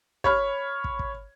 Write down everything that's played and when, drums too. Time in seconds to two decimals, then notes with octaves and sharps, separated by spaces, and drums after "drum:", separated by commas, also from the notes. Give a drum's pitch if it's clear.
0.24 C#5 B5 F6, drum: kick
0.84 drum: kick
0.99 drum: kick